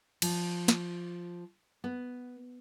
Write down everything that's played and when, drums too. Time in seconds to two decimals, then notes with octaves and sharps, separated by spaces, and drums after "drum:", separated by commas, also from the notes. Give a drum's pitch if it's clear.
0.22 F3, drum: cymbal
0.68 drum: snare
1.84 B3